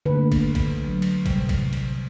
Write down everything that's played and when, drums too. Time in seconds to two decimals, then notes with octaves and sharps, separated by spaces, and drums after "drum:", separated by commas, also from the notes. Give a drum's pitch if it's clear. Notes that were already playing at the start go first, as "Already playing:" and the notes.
0.06 D3 A3 A#3 B4
0.32 drum: kick, cymbal
0.55 drum: kick, cymbal
0.85 F#3
1.02 drum: cymbal
1.26 A2 C3 G3, drum: kick, cymbal
1.49 drum: kick, cymbal
1.73 drum: cymbal